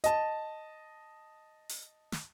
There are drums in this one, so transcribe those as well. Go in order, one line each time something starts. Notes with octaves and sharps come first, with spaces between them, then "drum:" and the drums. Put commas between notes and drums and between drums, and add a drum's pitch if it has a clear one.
D#5 A5, drum: hi-hat
drum: open hi-hat
drum: snare